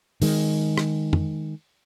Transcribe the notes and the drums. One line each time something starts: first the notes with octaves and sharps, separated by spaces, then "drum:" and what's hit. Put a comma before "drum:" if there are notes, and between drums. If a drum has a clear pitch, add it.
D#3 G#3, drum: open hi-hat
drum: rim click
drum: tom